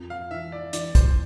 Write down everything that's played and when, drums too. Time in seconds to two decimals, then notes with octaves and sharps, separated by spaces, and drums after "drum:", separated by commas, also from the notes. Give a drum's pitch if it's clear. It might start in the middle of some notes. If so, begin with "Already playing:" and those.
Already playing: F2
0.10 F5
0.31 E3 E5
0.52 D5
0.73 E3 D5, drum: hi-hat
0.95 C5, drum: kick, hi-hat